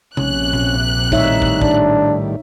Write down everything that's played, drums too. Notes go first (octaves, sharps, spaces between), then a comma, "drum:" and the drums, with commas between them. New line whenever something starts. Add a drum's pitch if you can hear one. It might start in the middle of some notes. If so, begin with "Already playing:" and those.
A#1 C3 C#4 F#6, drum: tom C3
drum: tom A#2
A2 D#3 G3 D#4 C#5 E5, drum: kick
drum: kick
D4, drum: kick